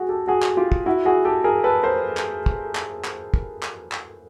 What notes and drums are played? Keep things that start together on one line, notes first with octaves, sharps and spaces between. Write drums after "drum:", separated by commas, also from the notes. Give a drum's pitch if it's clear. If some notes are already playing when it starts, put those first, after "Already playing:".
Already playing: F#4 G#4
G4 A4
F#4 G#4
drum: clap
F4 G4
drum: kick
E4 F#4
F#4 G#4
G4 A4
G#4 A#4
A4 B4
A#4 C5
drum: clap
drum: kick
drum: clap
drum: clap
drum: kick
drum: clap
drum: clap